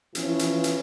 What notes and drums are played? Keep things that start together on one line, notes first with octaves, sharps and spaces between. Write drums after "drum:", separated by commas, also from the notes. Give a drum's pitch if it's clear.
E3 F3 C#4 E4, drum: hi-hat
drum: hi-hat
drum: hi-hat